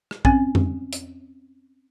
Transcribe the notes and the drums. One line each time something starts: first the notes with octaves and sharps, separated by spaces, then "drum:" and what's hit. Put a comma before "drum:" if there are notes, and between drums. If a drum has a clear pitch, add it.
drum: rim click
C4 C#4 G#5, drum: kick
drum: tom F2
drum: hi-hat